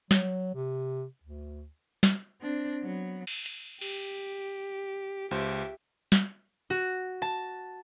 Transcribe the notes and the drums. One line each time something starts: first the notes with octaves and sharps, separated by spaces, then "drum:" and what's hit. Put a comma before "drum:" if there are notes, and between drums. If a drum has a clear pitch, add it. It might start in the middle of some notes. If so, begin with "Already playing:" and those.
F#3, drum: snare
C3
D2
drum: snare
C4 D4
F#3 B3
drum: cymbal
drum: hi-hat
G4, drum: cymbal
C#2 G4 C5 E5
drum: snare
F#4
A5